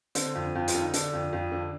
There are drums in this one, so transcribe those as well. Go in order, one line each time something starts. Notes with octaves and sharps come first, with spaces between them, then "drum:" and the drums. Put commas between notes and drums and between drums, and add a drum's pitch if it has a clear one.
D3 C4, drum: hi-hat
F2
F2
F4, drum: hi-hat
D3
D#4
D3 D4, drum: hi-hat
F2
F2
D3